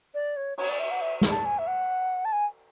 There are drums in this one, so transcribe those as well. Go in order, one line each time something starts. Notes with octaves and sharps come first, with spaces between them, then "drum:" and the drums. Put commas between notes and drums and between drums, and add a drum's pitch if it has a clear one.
D5
C#5
C#5, drum: cymbal
D5
E5
F#5
E5
drum: snare
A5
G#5
E5
F#5
A5
G#5